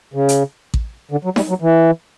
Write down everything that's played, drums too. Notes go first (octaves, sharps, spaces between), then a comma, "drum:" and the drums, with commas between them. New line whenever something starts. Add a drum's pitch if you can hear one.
C#3
drum: hi-hat
drum: kick A1
D3
F#3
G3, drum: snare D#4
F#3
E3